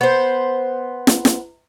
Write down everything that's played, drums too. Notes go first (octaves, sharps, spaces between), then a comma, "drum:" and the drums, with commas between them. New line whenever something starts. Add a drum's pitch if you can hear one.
B3 C5
drum: snare
drum: snare